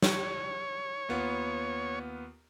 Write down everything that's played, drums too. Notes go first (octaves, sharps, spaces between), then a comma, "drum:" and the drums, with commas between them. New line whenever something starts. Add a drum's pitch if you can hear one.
C#5, drum: snare
D#2 B3 F4